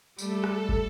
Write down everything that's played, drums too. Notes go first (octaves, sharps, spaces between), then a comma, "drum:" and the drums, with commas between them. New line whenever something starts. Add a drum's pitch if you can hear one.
G3 A3 A4, drum: tambourine
drum: rim click
drum: kick